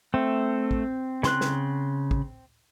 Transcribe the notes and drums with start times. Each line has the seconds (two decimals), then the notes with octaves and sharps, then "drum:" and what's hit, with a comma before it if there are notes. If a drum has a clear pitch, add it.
0.14 A3 C4
0.71 drum: kick
1.23 C#3 C6 F#6, drum: snare
1.41 drum: snare
2.11 drum: kick